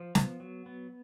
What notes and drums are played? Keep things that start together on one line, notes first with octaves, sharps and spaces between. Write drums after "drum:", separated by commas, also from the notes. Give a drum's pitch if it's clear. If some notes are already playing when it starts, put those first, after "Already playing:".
Already playing: F3
B3, drum: snare
F#3
B3